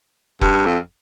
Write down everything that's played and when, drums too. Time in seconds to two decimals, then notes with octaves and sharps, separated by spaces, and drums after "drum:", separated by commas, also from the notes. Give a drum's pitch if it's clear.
0.41 G2, drum: kick F1
0.66 F2